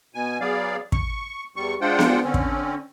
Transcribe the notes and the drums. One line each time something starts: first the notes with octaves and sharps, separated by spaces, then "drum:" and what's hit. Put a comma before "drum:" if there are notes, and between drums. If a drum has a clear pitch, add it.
B2 G#5
F#3 B3 G#4 D5 F5
C#6, drum: kick
E2 G3 C#6
G#3 D4 F4 C5 F#5 G5
drum: snare B3
D3 C4 C#4
drum: kick